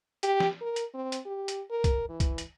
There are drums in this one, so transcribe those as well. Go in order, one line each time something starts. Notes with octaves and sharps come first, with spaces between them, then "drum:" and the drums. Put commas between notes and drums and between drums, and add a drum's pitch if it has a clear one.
G4, drum: hi-hat
drum: snare
A#4
drum: hi-hat
C4
drum: hi-hat
G4
drum: hi-hat
A#4
drum: kick, hi-hat
E3
drum: kick, hi-hat
drum: hi-hat